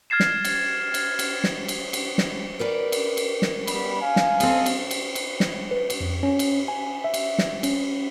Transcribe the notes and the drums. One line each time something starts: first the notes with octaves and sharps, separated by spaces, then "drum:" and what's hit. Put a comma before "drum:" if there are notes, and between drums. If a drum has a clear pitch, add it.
F6 G#6 A6 C7 E7
drum: snare
drum: cymbal
drum: cymbal
drum: cymbal
drum: snare
drum: cymbal
drum: cymbal
drum: snare
A#4 B4 D5
drum: cymbal
drum: cymbal
drum: snare
G3 B3 B5, drum: cymbal
F5 G#5
drum: snare
C4 A4 D#5, drum: cymbal
drum: cymbal
drum: cymbal
drum: cymbal
drum: snare
B4
drum: cymbal
F2
C#4
drum: cymbal
G#5
E5
drum: cymbal
drum: snare
C#4, drum: cymbal